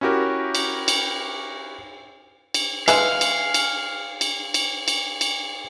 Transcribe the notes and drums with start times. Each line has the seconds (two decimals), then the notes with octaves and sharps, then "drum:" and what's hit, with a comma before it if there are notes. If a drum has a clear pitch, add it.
0.01 C#4 E4 F#4 G4 A#4
0.55 drum: cymbal
0.88 drum: cymbal
2.54 drum: cymbal
2.88 G#3 B4 E5 F5 G#5, drum: cymbal
3.21 drum: cymbal
3.54 drum: cymbal
4.21 drum: cymbal
4.54 drum: cymbal
4.88 drum: cymbal
5.21 drum: cymbal